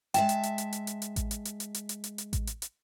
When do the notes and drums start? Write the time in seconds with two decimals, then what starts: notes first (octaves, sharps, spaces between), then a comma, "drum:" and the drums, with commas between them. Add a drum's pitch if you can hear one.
0.14 G#3 E5 G5 A5, drum: hi-hat
0.29 drum: hi-hat
0.43 drum: hi-hat
0.58 drum: hi-hat
0.73 drum: hi-hat
0.87 drum: hi-hat
1.02 drum: hi-hat
1.16 drum: kick A1, hi-hat
1.31 drum: hi-hat
1.45 drum: hi-hat
1.60 drum: hi-hat
1.74 drum: hi-hat
1.89 drum: hi-hat
2.04 drum: hi-hat
2.18 drum: hi-hat
2.33 drum: kick A1, hi-hat
2.47 drum: hi-hat
2.62 drum: hi-hat